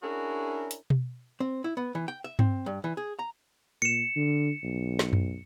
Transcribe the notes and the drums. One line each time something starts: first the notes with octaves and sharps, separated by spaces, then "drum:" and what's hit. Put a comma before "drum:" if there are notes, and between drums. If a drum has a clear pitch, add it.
C#4 D4 E4 F#4 G#4 A#4
drum: hi-hat
drum: tom B2
C4
E4
B3
E3
G5
E5
C4, drum: tom G2
G2
E3
G#4
A#5
A#2 C#7 E7
D3
B1
drum: snare
drum: tom F#2